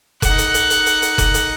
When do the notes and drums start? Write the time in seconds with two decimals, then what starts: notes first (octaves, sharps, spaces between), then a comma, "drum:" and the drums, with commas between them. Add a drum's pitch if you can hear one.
0.22 D#4 F#5, drum: kick F1, hi-hat
0.38 drum: hi-hat
0.54 drum: hi-hat
0.70 drum: hi-hat
0.86 drum: hi-hat
1.02 drum: hi-hat
1.18 drum: kick F1, hi-hat
1.34 drum: hi-hat